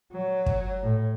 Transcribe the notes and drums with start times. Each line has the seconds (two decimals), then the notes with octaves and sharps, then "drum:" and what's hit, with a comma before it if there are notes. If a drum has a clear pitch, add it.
0.13 F#3
0.46 drum: kick
0.83 A2